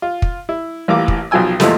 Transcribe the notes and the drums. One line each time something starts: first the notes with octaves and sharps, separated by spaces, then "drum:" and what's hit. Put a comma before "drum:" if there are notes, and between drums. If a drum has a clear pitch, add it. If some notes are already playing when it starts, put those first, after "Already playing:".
F4
drum: kick
E4
A1 E3 A#3 F4 G4 D6
drum: kick
B1 B2 F3 G5 G#5 E6
E2 A#2 E3 F3 G#3 A3, drum: snare